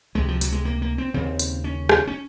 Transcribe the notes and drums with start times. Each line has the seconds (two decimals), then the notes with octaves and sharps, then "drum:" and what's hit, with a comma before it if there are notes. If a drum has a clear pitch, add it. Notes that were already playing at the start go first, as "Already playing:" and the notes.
0.15 C#2 C3 G#3
0.28 F3
0.41 F#3, drum: hi-hat
0.52 G#3
0.65 A#3
0.82 A#3
0.98 C4
1.14 D#2 C#3 C4
1.39 drum: hi-hat
1.64 C#4
1.89 drum: rim click
2.07 C#4